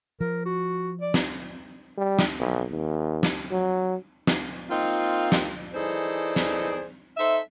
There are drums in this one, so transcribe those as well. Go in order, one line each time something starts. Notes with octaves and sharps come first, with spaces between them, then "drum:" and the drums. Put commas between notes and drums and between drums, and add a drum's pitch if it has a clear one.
F3 A#4
F#4
D5
drum: snare
G3
drum: snare
B1
D#2
drum: snare
F#3
drum: snare
A#3 C4 D#4 F4
drum: snare
E3 D#4 G#4 A4 C5 D5
drum: snare
D#4 A4 C5 E5